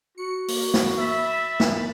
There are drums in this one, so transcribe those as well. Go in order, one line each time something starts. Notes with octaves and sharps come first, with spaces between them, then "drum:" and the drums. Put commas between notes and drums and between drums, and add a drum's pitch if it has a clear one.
F#4 C#7
A#3, drum: open hi-hat
drum: snare
E5 B5 A6 B6
drum: snare